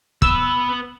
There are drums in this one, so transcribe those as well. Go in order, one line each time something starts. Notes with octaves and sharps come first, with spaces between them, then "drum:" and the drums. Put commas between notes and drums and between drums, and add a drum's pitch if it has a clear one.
B3 B4 E6, drum: kick